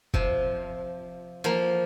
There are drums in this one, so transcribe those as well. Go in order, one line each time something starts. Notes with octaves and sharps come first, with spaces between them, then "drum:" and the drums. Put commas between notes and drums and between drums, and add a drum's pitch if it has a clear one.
C3 F3, drum: kick F1
F3 A#3